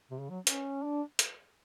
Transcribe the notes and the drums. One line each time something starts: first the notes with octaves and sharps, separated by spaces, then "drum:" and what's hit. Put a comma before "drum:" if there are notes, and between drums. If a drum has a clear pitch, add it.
C3
C#3
F#3
C#4, drum: hi-hat
D4
drum: hi-hat